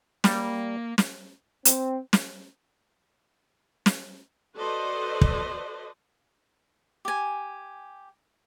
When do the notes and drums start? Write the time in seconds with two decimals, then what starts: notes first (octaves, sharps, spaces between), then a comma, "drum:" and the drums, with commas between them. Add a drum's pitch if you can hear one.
0.24 G3 A#3, drum: snare
0.98 drum: snare
1.65 C4, drum: hi-hat
2.13 drum: snare
3.86 drum: snare
4.56 F#4 A4 B4 C5 D5 D#5
5.21 drum: kick
7.05 G4 G#5